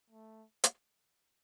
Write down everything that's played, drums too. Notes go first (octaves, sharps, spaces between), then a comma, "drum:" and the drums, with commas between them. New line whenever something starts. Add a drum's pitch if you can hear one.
A3
drum: hi-hat